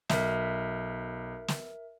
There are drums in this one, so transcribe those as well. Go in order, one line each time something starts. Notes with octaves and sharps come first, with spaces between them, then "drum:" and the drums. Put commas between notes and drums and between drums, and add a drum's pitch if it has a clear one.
B1 A#4 E5, drum: snare
drum: snare